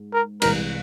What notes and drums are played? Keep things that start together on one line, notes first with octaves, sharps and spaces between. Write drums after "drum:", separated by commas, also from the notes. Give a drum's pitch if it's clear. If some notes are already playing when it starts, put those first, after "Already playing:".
Already playing: G#2
A#4
C2 C3 E3 G#3 A#4, drum: cymbal